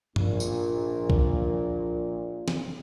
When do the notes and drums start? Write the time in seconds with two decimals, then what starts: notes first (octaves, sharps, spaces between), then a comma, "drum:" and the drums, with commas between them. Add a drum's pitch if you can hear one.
0.16 A#1 A#2, drum: tom G2
0.40 drum: tambourine
1.10 drum: kick B1
2.48 drum: snare